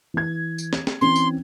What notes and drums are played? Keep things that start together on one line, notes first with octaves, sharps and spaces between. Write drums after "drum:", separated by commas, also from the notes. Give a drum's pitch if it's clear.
E3 G#6
drum: tambourine
drum: snare
drum: snare
E3 C4 C#4 C6
drum: tambourine